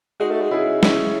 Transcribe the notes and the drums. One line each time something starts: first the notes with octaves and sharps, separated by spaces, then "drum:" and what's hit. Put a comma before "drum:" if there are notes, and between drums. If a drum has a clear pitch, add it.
G#3 D#4 F#4
A3
G#3
C#3 E4 G#4
C#4 E4, drum: snare